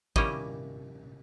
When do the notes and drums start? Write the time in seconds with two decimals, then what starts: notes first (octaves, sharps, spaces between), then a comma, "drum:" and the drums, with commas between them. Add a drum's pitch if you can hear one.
0.16 D#3 G3 A#3 C#4 E4 D#5, drum: kick